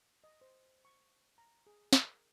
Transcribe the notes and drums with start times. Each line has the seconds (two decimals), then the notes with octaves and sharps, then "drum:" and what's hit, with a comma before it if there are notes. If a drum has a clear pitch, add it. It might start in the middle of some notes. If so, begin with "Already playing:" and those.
0.24 D#5
0.41 C5
0.85 C#6
1.38 A#5
1.67 G#4
1.93 A#4, drum: snare